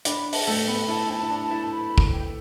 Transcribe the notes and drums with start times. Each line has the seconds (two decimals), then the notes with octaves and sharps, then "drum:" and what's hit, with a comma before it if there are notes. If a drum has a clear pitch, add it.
0.05 D4 D5 B5, drum: hi-hat
0.33 A5, drum: open hi-hat
0.47 A3 A4
0.60 G5
0.68 B3 B4
0.88 E4 A5
1.10 E4 G5
1.16 A5
1.22 E4
1.30 D4
1.43 A5
1.51 E4
1.72 B5
1.98 drum: kick
2.13 G5